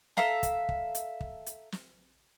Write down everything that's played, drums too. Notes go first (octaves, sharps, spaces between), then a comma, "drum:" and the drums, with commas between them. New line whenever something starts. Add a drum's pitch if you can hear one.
A4 E5 F5 A#5, drum: snare
drum: kick, hi-hat
drum: kick
drum: hi-hat
drum: kick
drum: hi-hat
drum: snare